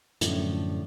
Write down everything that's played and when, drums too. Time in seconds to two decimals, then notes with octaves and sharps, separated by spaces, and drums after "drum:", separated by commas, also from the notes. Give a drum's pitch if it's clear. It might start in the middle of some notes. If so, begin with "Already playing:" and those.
0.21 F#2 A2 D3 F3 A3, drum: hi-hat